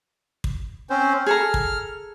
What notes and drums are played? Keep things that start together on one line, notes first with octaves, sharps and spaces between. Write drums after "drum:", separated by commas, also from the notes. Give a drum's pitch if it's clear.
drum: kick
C4 C#4 C5
G#4 A4 A#5 F6
drum: kick